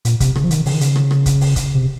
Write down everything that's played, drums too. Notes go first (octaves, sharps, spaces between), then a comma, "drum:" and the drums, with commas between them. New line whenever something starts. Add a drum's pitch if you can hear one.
A#2, drum: hi-hat
C3, drum: kick, hi-hat
C#3, drum: rim click
F3
D#3, drum: hi-hat
C#3, drum: open hi-hat
D#3
C#3, drum: hi-hat
drum: rim click
drum: rim click
drum: kick, hi-hat
drum: open hi-hat
drum: kick, hi-hat
C3